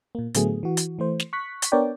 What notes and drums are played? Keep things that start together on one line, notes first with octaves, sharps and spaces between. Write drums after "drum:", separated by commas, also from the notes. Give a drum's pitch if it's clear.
A#2 A#3
A2 D3 F#3 A3 B3 G#4, drum: hi-hat
E3 F#4
drum: hi-hat
E3 A3 C5
drum: snare
C#6 F#6 B6
drum: hi-hat
B3 D4 A#4 C#5 D5 G5